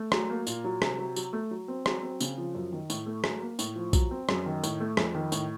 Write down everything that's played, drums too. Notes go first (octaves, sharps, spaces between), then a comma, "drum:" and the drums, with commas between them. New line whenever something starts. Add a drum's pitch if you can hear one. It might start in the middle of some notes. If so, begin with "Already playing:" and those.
Already playing: A3
F#3, drum: rim click
A#3
A#2, drum: tambourine
F#3
C3, drum: rim click
F#3
F#3, drum: tambourine
A3
F#3
C4
F#3, drum: rim click
C4
C#3, drum: tambourine
F3
F#2
D#3
A2, drum: tambourine
A3
F#3, drum: rim click
A#3
A2, drum: tambourine
F3
F#3, drum: kick B1, tambourine
C4
F#2, drum: rim click
D#3
A2, drum: tambourine
A3
F2, drum: rim click
D#3
A2, drum: tambourine